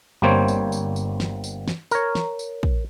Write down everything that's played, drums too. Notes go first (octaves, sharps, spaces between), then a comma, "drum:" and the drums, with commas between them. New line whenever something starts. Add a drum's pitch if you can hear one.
G1 G3 A#3 C4 C5 C#5
drum: tambourine
drum: tambourine
drum: tambourine
drum: snare
drum: tambourine
drum: snare
A#4 C#5, drum: tambourine
drum: snare
drum: tambourine
drum: kick